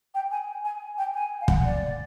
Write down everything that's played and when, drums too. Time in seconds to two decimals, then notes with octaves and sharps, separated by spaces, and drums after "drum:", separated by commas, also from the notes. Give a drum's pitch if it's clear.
0.15 G5
0.31 G#5
0.65 G#5
0.98 G5
1.15 G#5
1.41 F5
1.48 F#5, drum: kick
1.65 D5